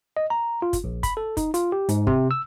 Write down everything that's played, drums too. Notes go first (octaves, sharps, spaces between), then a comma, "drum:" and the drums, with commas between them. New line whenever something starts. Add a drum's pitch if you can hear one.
D#5
A#5
F4
drum: kick, hi-hat
A#1
B5, drum: kick, hi-hat
A4
D#4, drum: kick, hi-hat
F4, drum: hi-hat
G4
G#2, drum: hi-hat
C3, drum: kick
E6